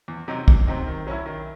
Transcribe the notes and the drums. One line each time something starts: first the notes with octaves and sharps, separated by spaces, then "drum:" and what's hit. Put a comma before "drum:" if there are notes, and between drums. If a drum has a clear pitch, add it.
E2
C3 F#3 C4 D#4
E2, drum: kick
C3 F#3 C4 D#4
D#3
F#3 C#4 E4
D#3